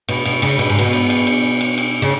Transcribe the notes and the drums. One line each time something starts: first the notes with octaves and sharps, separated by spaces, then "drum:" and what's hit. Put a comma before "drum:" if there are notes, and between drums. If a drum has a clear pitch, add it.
B2, drum: cymbal
B2, drum: cymbal
C#3, drum: cymbal
B2, drum: cymbal
G#2
B2, drum: cymbal
drum: cymbal
drum: cymbal
drum: cymbal
drum: cymbal
drum: cymbal
C#3